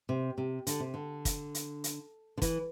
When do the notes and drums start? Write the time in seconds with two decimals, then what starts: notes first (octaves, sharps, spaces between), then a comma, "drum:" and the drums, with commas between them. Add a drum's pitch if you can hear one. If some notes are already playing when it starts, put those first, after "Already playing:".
0.09 C3
0.38 C3
0.67 D3, drum: hi-hat
0.80 C3
0.94 D3
1.25 drum: kick, hi-hat
1.55 drum: hi-hat
1.84 drum: hi-hat
2.37 D3
2.42 E3, drum: kick, hi-hat